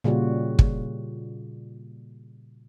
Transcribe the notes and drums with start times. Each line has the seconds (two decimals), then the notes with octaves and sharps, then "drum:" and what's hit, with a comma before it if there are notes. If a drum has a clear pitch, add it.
0.04 A#2 C#3 G3 F4 F#4
0.59 drum: kick